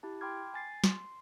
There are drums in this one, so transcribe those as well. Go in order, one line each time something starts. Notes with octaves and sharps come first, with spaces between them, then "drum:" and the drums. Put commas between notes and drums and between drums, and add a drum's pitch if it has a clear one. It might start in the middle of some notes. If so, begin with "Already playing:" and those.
E4 G4 A5
G5 B5 C6 D6 F6 G#6
G#5 A6 C7
C6, drum: snare